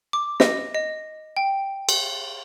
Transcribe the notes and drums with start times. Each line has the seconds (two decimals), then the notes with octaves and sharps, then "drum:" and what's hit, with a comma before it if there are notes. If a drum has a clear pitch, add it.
0.13 D6
0.40 D#5, drum: snare
0.74 D#5
1.37 G5
1.89 drum: cymbal